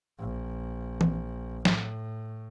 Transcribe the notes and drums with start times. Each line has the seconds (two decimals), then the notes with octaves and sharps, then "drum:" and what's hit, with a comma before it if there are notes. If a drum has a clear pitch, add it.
0.19 A#1
1.01 drum: tom E3
1.65 A2, drum: snare